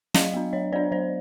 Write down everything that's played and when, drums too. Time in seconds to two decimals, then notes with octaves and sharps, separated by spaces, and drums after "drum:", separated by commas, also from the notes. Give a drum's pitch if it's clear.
0.14 F#3 D#5 F5, drum: snare
0.34 B3 D4
0.53 F#3 C#5 D#5
0.72 B3 D4 C5 D5
0.92 F#3 C5 D5